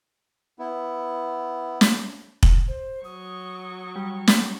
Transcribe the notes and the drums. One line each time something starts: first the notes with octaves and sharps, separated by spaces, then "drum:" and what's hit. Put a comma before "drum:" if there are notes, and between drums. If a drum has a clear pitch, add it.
B3 E4
drum: snare
drum: kick
C5
F#3 C#6 D#6
G3
drum: snare